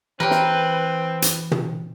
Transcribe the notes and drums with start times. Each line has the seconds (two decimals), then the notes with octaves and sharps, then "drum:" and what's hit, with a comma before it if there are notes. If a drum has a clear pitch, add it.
0.20 E3 C4 G4 A#4 B4 C#5 G5
0.31 drum: snare
1.22 drum: hi-hat
1.51 drum: tom